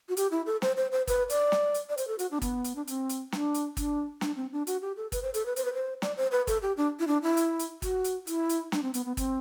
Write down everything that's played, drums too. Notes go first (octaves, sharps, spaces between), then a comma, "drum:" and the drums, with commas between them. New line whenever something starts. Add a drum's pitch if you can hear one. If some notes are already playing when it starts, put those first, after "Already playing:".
F#4
G4, drum: hi-hat
E4
A4
C5, drum: snare
C5
C5
B4, drum: kick, hi-hat
D5, drum: hi-hat
drum: snare
drum: hi-hat
D5
C5, drum: hi-hat
A4
F#4, drum: hi-hat
D4
B3, drum: kick, hi-hat
drum: hi-hat
D4
C4, drum: hi-hat
drum: hi-hat
D4, drum: snare
drum: hi-hat
D4, drum: kick, hi-hat
D4, drum: snare
C4
D4
F#4, drum: hi-hat
G4
A4
B4, drum: kick, hi-hat
C5
A4, drum: hi-hat
B4
C5, drum: hi-hat
B4
C5
D5, drum: snare
C5
B4
A4, drum: kick, hi-hat
G4
D4
E4
D4
E4
drum: hi-hat
drum: hi-hat
F#4, drum: kick, hi-hat
drum: hi-hat
E4, drum: hi-hat
drum: hi-hat
D4, drum: snare
C4
B3, drum: hi-hat
B3
C4, drum: kick, hi-hat